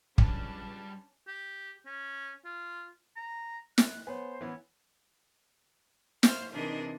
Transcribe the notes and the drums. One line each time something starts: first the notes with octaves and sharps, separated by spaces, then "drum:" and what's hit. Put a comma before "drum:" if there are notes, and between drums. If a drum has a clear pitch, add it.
C#2 G3 C#4 D4 B4 A5, drum: kick
G4
C#4
F4
A#5
F#6, drum: snare
B3 C5 C#5 G#5
E3 B3 C#4
C5 C#5 F5 F6 G6, drum: snare
C3 E3 D4 D#4 G#4 A#4